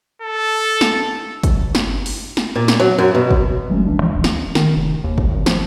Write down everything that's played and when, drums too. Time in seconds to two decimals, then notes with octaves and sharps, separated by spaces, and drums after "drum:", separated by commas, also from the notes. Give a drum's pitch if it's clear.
0.22 A4
0.81 drum: snare
1.43 drum: kick, hi-hat
1.75 drum: snare
2.06 drum: open hi-hat
2.37 drum: snare
2.55 A#2
2.68 drum: snare
2.80 F#3
2.98 F#2
3.15 B2
3.31 drum: kick
3.70 F#3 G#3 A3 C#4
3.86 D2 E3 A#3 D4
4.01 E3 F3 G#3
4.14 D#1 A1 D2 E3
4.24 drum: snare
4.55 D#3, drum: snare
4.76 F1
5.04 D#2
5.18 drum: kick
5.31 G#1
5.46 F3, drum: snare